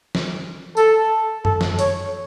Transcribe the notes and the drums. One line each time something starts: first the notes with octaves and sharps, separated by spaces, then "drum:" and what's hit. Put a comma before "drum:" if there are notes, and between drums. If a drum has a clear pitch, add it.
drum: snare
A4, drum: tambourine
A4, drum: tom
drum: snare
C#5, drum: hi-hat